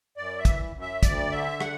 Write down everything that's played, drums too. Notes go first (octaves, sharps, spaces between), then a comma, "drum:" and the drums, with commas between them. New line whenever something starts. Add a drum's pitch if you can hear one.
F#2 D5
E5
E3, drum: kick, hi-hat
F#2
E5
D2 D5, drum: kick, hi-hat
D3 E5
F#5, drum: rim click